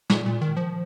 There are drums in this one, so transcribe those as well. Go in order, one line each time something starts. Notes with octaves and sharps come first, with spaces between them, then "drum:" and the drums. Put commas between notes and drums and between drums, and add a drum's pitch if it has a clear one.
A#2, drum: snare
A#2
D#3
F3